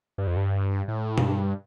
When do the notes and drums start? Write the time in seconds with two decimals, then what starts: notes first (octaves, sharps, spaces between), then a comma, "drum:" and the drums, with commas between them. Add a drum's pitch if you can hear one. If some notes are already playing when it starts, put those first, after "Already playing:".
0.18 G2
0.27 F2
0.37 G2
0.88 A2
1.18 F2, drum: tom B2
1.22 G2